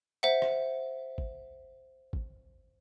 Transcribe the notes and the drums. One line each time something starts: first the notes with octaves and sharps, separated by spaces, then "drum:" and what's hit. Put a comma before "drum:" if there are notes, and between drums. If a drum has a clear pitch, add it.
C5 E5 F#5
drum: rim click
drum: kick A1
drum: kick A1